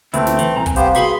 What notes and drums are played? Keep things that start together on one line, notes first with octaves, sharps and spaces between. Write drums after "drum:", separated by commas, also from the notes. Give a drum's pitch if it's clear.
D2 A3 B3 C4 E4, drum: hi-hat
drum: snare
E3, drum: hi-hat
C2 G#5 A#5
drum: kick, hi-hat
B3 G4 C5 F5, drum: hi-hat
B3 F#4 G#4 B5 C6, drum: hi-hat